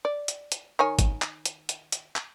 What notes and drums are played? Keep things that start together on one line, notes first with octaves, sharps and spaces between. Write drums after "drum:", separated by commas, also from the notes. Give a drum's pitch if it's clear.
D5
drum: hi-hat
drum: hi-hat
D#3 C#5 G#5
drum: kick G#1, hi-hat
drum: clap
drum: hi-hat
drum: hi-hat
drum: hi-hat
drum: clap